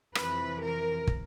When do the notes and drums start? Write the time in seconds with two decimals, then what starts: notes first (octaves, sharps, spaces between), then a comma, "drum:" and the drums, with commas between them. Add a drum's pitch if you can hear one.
0.15 F2 C3 E3 B4, drum: rim click
0.61 A#4
1.07 drum: kick